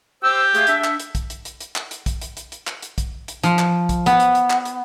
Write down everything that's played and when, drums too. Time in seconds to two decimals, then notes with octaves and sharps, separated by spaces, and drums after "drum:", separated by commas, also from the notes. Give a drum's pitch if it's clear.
0.23 G4 C5 E6
0.55 A3 G#4 F5, drum: hi-hat
0.67 D4 E5, drum: hi-hat
0.84 drum: clap
1.00 drum: hi-hat
1.15 drum: kick, hi-hat
1.30 drum: hi-hat
1.45 drum: hi-hat
1.61 drum: hi-hat
1.76 drum: clap
1.91 drum: hi-hat
2.06 drum: kick, hi-hat
2.21 drum: hi-hat
2.37 drum: hi-hat
2.52 drum: hi-hat
2.67 drum: clap
2.82 drum: hi-hat
2.98 drum: kick, hi-hat
3.28 drum: hi-hat
3.43 F3, drum: hi-hat
3.59 drum: clap
3.89 drum: kick, hi-hat
4.06 B3, drum: hi-hat
4.20 drum: hi-hat
4.35 drum: hi-hat
4.50 drum: clap
4.65 drum: hi-hat